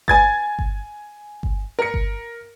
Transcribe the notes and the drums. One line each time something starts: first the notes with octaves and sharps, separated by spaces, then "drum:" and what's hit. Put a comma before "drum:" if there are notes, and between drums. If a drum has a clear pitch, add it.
G#5 G#6 A6, drum: kick G1
drum: kick G1
drum: kick G1
A#4 C#7
drum: kick G1